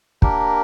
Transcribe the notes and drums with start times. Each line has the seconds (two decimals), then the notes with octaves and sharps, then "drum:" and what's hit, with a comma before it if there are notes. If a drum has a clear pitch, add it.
0.22 A#3 D4 G4 A#4, drum: kick